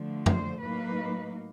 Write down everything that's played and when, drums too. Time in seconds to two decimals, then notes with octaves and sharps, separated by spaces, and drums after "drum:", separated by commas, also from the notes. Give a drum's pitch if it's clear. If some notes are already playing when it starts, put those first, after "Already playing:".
Already playing: D3 F3 A3
0.26 C5, drum: tom F2
0.61 A2 F#3 A#3 D#4 B4